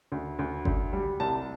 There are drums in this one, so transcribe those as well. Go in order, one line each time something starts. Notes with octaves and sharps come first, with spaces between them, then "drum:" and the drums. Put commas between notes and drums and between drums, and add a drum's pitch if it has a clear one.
D2
D2
D2, drum: kick G1
G3
C2 A5